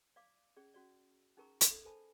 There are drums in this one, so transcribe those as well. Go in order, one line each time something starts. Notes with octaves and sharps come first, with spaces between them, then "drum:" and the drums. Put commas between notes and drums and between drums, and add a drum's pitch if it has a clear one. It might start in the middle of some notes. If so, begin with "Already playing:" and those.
D5 F5 D6
C#4 G#4 D5
C#4 F#4 D5
C#4 D#4 G#4 A#4 A#5 C#6
drum: hi-hat
A4 D5
A4 A#4 C5 G#5 A5 B5